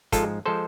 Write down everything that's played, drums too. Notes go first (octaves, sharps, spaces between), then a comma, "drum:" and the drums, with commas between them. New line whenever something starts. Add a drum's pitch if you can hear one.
G#2 F3 G#3 F4 A4, drum: kick, hi-hat
F3 G#3 A4 C5